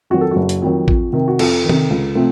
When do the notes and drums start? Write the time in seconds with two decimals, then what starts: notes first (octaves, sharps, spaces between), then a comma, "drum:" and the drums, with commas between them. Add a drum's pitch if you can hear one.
0.10 F2 D#3 F#3 F#4
0.21 A4
0.31 F#1 F#4
0.49 drum: hi-hat
0.62 F2 D#3 F#3
0.88 F2, drum: kick A1
1.13 C3 D#3
1.28 F#4
1.39 F2 A4, drum: cymbal
1.64 D#3
1.69 C3, drum: tom D#3
1.90 C#2
2.15 C3 F3 A3 C4